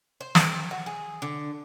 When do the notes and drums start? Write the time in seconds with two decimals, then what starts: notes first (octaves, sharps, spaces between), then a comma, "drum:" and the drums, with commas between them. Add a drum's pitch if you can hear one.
0.20 C5
0.35 C4, drum: snare
0.71 F#4
0.86 G#4
1.22 D3